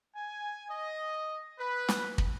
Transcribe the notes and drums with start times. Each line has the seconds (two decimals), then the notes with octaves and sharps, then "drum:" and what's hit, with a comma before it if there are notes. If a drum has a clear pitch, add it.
0.16 G#5
0.70 D#5
1.59 B4
1.88 drum: snare
2.18 drum: kick